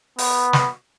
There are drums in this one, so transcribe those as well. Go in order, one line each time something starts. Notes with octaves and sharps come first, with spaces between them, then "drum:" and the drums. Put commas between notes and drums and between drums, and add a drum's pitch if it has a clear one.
B3, drum: open hi-hat
drum: snare